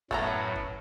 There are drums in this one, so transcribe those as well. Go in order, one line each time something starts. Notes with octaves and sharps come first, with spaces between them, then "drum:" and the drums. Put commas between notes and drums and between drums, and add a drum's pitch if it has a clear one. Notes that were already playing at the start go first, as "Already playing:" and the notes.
F#2 A2 F#3 A3 B3 A#5, drum: kick
drum: kick